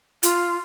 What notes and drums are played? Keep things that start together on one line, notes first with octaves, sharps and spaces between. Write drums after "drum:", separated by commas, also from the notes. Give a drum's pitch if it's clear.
F4, drum: hi-hat